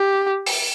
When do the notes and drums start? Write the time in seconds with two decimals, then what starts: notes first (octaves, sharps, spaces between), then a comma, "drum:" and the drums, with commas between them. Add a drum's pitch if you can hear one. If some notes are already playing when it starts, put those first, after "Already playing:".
Already playing: G4
0.46 drum: open hi-hat